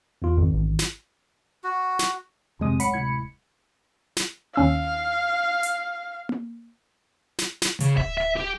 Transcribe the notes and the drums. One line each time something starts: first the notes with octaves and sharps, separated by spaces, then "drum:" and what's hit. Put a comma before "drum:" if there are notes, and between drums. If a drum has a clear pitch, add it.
E2 F4
G#1 F2
A1
drum: snare
F#4
drum: snare
D1 F2 C3 G#3 D#6
C#5 F#5 B5 C#7, drum: hi-hat
C3 E4 G#6
drum: snare
D#2 C#4 F5 E6
drum: hi-hat
drum: tom A#3
drum: snare
drum: snare
C#3, drum: hi-hat
E5, drum: kick D1
E5
G4